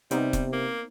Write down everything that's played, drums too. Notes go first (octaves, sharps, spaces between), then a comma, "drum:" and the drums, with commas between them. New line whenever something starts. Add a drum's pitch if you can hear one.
C3 G3 B3 C4 D#4, drum: hi-hat
drum: kick E1, hi-hat
A#3